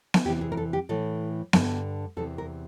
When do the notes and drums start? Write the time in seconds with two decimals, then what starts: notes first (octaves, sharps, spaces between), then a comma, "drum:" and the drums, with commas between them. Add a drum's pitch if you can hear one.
0.14 drum: snare B3
0.25 E2 C3 E3 G4
0.41 G#4
0.52 A#4
0.57 A4
0.73 G4
0.89 A2 E3 A4
1.53 G2 D3, drum: snare B3
2.17 E2 C3 E3 A4
2.38 A#4